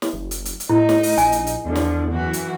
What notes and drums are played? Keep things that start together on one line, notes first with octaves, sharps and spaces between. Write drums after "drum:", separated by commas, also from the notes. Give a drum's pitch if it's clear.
drum: snare
F#1
drum: hi-hat
drum: hi-hat
drum: hi-hat
A2 D#4 E4
drum: snare
drum: open hi-hat
A#1 G#5, drum: hi-hat
drum: hi-hat
drum: hi-hat
E2 D3 F3
drum: snare
F#2 E3 F#4
drum: hi-hat